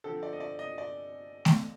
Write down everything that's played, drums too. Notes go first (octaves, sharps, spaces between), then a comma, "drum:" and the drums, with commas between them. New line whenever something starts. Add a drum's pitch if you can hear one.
D3 F3 C4 A4
D5
D#5
D5
D#5
D5
drum: snare A3